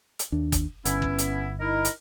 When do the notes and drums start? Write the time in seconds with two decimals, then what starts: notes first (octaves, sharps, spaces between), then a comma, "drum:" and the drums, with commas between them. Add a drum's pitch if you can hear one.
0.19 drum: hi-hat
0.32 D#2 D4
0.52 drum: kick G1, hi-hat
0.85 G1 B3 C#4 E4, drum: hi-hat
1.02 drum: kick G1
1.18 drum: hi-hat
1.59 D#4 E4 A#4
1.85 drum: hi-hat